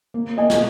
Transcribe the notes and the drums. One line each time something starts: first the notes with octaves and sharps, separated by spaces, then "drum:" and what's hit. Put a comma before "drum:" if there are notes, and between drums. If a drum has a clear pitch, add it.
A#3
A#3 D#5 G#5
drum: snare